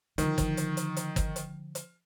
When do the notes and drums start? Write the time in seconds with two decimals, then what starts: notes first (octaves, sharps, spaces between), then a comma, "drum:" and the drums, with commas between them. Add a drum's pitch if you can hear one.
0.18 D3 D#3 F3, drum: hi-hat
0.38 drum: kick G1, hi-hat
0.57 drum: hi-hat
0.77 drum: hi-hat
0.97 drum: hi-hat
1.16 drum: kick G1, hi-hat
1.36 drum: hi-hat
1.75 drum: hi-hat